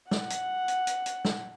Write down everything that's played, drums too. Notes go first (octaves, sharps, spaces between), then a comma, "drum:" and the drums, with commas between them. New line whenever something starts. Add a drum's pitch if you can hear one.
F#5, drum: snare
drum: hi-hat
drum: hi-hat
drum: hi-hat
drum: hi-hat
drum: snare